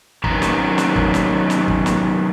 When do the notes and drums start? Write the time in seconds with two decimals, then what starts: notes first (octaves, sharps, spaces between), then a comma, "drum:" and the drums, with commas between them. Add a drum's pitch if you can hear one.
0.24 F#2 C3 D#3 B3 A#5, drum: kick
0.42 drum: snare
0.78 drum: snare
0.96 drum: kick
1.14 drum: snare
1.50 drum: snare
1.68 drum: kick
1.86 drum: snare